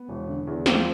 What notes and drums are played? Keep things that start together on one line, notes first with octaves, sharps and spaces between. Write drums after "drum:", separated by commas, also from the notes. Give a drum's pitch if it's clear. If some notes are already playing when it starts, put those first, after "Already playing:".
Already playing: B3
E1
D3
E2
F3 C4, drum: snare